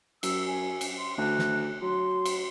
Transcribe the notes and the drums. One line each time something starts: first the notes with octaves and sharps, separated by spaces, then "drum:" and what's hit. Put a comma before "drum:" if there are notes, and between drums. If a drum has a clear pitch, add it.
F#2 E6, drum: cymbal
G#5
drum: cymbal
C6
D2 F#6
drum: snare
F#3 C6
drum: cymbal